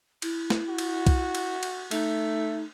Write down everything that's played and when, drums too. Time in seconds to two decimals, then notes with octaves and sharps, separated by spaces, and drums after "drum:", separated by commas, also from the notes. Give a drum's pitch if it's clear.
0.22 E4, drum: cymbal
0.50 drum: snare
0.69 F#4
0.78 drum: cymbal
1.07 drum: kick B1, cymbal
1.35 drum: cymbal
1.63 drum: cymbal
1.91 A3 D#4, drum: cymbal